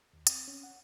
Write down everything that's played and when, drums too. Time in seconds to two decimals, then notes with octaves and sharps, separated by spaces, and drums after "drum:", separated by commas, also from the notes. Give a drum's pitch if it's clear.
0.13 D#2
0.27 C4, drum: hi-hat
0.48 C#4
0.63 F#5